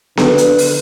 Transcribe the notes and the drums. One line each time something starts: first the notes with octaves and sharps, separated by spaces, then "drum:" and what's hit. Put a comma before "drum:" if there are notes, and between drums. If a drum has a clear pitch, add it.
D3 B4, drum: snare B3
drum: hi-hat
drum: open hi-hat